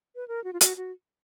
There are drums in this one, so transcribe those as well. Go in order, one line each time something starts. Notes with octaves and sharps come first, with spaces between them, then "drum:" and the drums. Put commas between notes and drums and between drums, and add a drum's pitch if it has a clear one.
B4
A#4
F#4
F4
F#4, drum: hi-hat
F#4